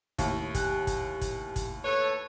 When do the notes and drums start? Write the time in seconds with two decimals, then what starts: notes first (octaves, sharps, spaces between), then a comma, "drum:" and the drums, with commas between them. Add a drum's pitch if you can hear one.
0.18 D#2 A2, drum: kick, hi-hat
0.55 G4 G#5 F#6, drum: kick, hi-hat
0.87 drum: kick, hi-hat
1.21 drum: kick, hi-hat
1.56 drum: kick, hi-hat
1.84 A4 B4 C#5